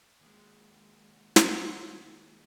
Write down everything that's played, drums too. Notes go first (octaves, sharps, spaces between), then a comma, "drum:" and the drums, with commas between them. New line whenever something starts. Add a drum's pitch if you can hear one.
D#2 G#3
drum: snare